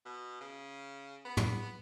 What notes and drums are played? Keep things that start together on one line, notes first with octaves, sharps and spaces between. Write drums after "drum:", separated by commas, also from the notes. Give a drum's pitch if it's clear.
B2
C#3
B3
drum: tom